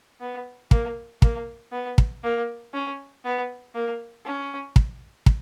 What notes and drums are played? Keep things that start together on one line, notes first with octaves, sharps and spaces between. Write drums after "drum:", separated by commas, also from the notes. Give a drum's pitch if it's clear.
B3
A#3, drum: kick
A#3, drum: kick
B3
drum: kick
A#3
C#4
B3
A#3
C#4
drum: kick
drum: kick